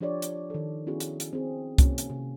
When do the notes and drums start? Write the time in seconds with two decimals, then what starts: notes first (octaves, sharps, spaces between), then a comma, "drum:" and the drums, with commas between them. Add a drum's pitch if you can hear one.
0.01 F3 D4 G4 C#5 D5
0.22 drum: hi-hat
0.50 D#3 A4
0.87 B3 C#4 E4 F#4 G#4
1.00 drum: hi-hat
1.20 drum: hi-hat
1.33 C4 G#4
1.78 A#3 C#4 F#4, drum: kick C2, hi-hat
1.98 drum: hi-hat
2.10 C3